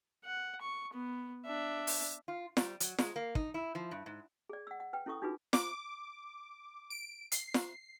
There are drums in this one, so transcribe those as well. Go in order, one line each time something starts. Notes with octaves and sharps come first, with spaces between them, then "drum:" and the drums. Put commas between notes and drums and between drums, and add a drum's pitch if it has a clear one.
F#5
C#6
B3
D4 E5
drum: open hi-hat
F4
G3, drum: snare
F#3, drum: hi-hat
G#3, drum: snare
A#3
D#4, drum: kick
E4
F3
G2
G#2
G#4 D5
F#5 E6
F#5
B4 G5
C#4 E4 A4 C#6 D#6
D4 D#4 F4 F#4 G#4 B4
D6, drum: snare
D7
C7, drum: hi-hat
drum: snare